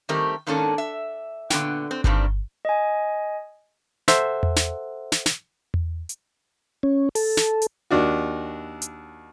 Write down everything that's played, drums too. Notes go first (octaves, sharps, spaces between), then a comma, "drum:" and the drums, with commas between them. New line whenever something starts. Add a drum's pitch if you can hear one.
D#3 G3 A3 C4 G4 A#4
G#2 D#3 A#3 C#4 D4 A4
E5
A#2 D3 B3 F#4 G5, drum: snare
C4
G2 D#3 G3 C4 D4, drum: kick G1
D#5 G#5
A4 C5 E5 F#5, drum: snare
drum: tom E2
drum: snare
drum: snare
drum: snare
drum: tom E2
drum: hi-hat
C#4
A4, drum: open hi-hat
drum: snare
drum: hi-hat
D#2 D4 F#4
drum: hi-hat